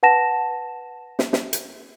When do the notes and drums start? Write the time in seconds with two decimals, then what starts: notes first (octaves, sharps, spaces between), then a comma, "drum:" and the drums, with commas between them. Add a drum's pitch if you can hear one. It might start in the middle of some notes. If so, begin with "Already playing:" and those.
0.03 B4 F#5 A5 A#6 E7
1.19 drum: snare
1.33 drum: snare
1.53 drum: hi-hat